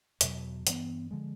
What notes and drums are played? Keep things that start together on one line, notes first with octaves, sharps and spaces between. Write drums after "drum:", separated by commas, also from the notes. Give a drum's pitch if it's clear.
E2 B2 F#3, drum: hi-hat
G2 E3 G3 B3, drum: hi-hat
D3 F3 G#3